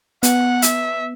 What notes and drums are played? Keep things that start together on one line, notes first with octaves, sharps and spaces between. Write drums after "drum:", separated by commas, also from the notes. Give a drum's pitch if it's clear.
B3 F#5, drum: hi-hat
E5, drum: hi-hat